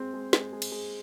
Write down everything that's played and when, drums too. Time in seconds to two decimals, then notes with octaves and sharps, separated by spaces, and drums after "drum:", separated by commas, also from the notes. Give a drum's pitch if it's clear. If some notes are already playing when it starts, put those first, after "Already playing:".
Already playing: G#3 C4
0.14 G#3
0.33 G#3, drum: snare
0.53 G#3
0.62 drum: cymbal
0.72 G#3